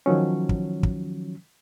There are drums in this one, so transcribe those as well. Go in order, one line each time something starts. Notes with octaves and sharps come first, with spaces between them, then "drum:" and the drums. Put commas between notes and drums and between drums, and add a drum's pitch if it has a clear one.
D#3 F3 F#3 C#4
drum: kick
drum: kick